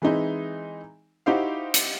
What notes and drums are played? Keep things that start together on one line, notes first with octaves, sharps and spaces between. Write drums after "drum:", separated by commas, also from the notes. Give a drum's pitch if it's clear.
E3 G#3 C4 D#4 E4
D#4 E4 F#4 G4 C5 F5
drum: hi-hat